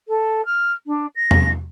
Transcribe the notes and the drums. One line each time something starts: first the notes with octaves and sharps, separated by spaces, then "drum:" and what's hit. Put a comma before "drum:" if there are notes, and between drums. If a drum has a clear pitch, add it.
A4
F6
D4
A#6
drum: tom